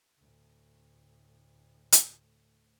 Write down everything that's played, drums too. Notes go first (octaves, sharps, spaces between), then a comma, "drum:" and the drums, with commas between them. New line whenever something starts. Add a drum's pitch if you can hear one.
D2 A2
drum: hi-hat